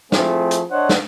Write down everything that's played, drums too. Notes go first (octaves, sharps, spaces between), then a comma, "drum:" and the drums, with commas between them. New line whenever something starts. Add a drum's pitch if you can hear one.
F3 A3 C4 E4 G#4, drum: snare
drum: hi-hat
D4 C5 C#5 D#5 F#5
drum: snare